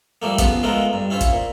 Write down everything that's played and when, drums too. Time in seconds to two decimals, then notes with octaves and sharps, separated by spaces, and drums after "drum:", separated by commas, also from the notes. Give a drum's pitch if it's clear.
0.22 F3 G3 A3 A#3
0.38 C#3 F3 B3 F4, drum: kick, hi-hat
0.63 G#3 A3 B3 F4 A#4
0.93 G2
1.10 C#4 E4 F4 C5
1.21 drum: kick, hi-hat
1.32 A#2